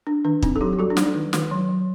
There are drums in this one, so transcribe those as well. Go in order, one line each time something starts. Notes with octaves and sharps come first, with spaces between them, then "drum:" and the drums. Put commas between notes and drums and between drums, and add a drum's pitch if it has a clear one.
D4
D#3 D4
C4 D#4, drum: kick
A4
F#3 D#4 G4
G4
G3 F#4 A4
D4
G3, drum: snare
D#4
D#3
D#3, drum: snare
F#3
F#3